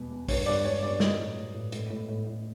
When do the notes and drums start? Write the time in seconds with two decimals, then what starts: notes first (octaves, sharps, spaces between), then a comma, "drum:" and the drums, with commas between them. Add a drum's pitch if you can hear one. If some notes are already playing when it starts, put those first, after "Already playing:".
Already playing: E2 B2 G3
0.11 E2
0.28 G2 C#5, drum: kick, open hi-hat
0.46 G2 D5
0.65 G2 C#5
0.82 G2 D5
1.00 F#3 D#5, drum: snare
1.18 A2
1.36 A2
1.54 A2
1.72 A2, drum: hi-hat
1.90 A2
2.08 A2
2.26 A2